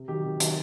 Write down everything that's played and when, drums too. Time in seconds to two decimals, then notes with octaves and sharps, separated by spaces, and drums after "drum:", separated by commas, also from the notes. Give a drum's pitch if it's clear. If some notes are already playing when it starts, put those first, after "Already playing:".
Already playing: C3
0.08 D#3 F#3 G4
0.24 C3
0.40 D#3 F#3, drum: hi-hat